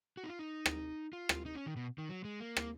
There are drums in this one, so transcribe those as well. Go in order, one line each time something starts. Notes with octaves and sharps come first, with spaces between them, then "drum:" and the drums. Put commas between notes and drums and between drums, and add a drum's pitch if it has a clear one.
F#4
D#4
F4
D#4
drum: rim click
F4
drum: rim click
D#4
C#4
D#3
B2
D#3
F#3
G#3
A#3
drum: rim click